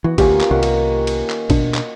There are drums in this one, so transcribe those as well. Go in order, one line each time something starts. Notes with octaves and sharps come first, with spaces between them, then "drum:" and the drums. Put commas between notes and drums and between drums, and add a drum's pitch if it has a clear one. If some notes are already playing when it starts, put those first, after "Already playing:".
E3 B3 F#4
D2 A#3 C#4 F4 G4, drum: kick, cymbal
drum: clap
C2 D#3 F#4 A#4
drum: cymbal
drum: cymbal
drum: clap
B2 D4, drum: kick, cymbal
drum: clap